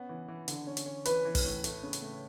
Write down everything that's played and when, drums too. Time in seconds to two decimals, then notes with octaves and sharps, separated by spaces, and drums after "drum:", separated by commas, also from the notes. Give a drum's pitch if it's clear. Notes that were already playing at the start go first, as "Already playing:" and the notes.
Already playing: B3 C#4
0.09 E3
0.28 E3
0.48 D3, drum: hi-hat
0.67 C#4
0.77 drum: hi-hat
0.86 C#4
1.05 E3 B4, drum: hi-hat
1.25 E3
1.35 drum: kick, open hi-hat
1.44 A2
1.64 A3, drum: hi-hat
1.83 C#3
1.93 drum: hi-hat
2.02 A3